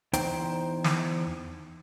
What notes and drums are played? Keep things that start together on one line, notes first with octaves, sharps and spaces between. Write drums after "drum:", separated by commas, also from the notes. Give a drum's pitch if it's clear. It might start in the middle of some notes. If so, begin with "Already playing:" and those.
E2 D#4 C5 G5, drum: hi-hat
drum: snare